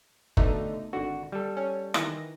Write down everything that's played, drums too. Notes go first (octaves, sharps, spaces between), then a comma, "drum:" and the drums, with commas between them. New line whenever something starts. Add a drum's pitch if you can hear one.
B2 D3 A3 D#4, drum: kick F#1
G#1 D3 F#4
G3 A4
C#4
D#3 E3 A#6, drum: rim click